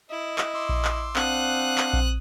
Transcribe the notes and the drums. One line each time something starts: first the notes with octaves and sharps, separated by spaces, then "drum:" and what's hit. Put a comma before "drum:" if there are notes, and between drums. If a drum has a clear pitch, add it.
E4 D#5
drum: clap
C6 D6 E6
drum: kick A#1
drum: clap
C4 D4 F5 F#5 D#6 F#6, drum: clap
drum: clap
drum: kick A#1